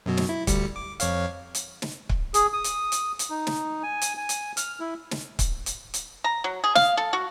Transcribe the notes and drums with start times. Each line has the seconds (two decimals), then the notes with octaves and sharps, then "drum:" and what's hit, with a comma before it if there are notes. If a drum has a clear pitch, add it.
0.06 F#2 B2 F#3
0.17 drum: snare
0.29 E4
0.47 D2 G3 C#7, drum: kick C#1, hi-hat
0.76 D6
1.00 F2 C#5 F5, drum: hi-hat
1.55 drum: hi-hat
1.82 drum: snare
2.09 drum: kick C#1
2.34 G#4, drum: hi-hat
2.53 D#6
2.64 drum: hi-hat
2.92 drum: hi-hat
3.19 drum: hi-hat
3.30 D#4
3.47 drum: snare
3.83 G#5
4.02 drum: hi-hat
4.17 G#5
4.29 drum: hi-hat
4.57 F6, drum: hi-hat
4.80 E4
5.11 drum: snare
5.39 drum: kick C#1, hi-hat
5.66 drum: hi-hat
5.94 drum: hi-hat
6.24 A#5
6.44 F#3
6.64 G#4
6.75 F5, drum: snare
6.97 A4
7.13 F#4